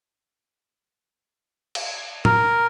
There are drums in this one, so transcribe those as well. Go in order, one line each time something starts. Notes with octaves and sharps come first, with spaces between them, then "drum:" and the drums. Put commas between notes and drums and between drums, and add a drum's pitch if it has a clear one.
drum: cymbal
A#4, drum: tom A2